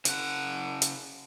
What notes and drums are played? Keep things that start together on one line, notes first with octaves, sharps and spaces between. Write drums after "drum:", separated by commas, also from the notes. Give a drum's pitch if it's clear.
C#3 F#5, drum: hi-hat
drum: hi-hat